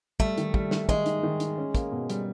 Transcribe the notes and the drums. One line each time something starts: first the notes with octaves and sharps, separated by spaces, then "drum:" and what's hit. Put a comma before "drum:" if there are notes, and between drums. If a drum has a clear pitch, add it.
G3 A3, drum: kick
D#3, drum: hi-hat
G3, drum: kick
D#3, drum: snare
D#3 G#3, drum: kick
D#4, drum: hi-hat
D#3
D#4, drum: hi-hat
C#4
A#3, drum: kick, hi-hat
B2
G3, drum: hi-hat